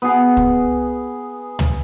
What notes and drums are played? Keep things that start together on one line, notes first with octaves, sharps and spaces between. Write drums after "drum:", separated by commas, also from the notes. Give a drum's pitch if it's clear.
B3 G#4
drum: kick
drum: tom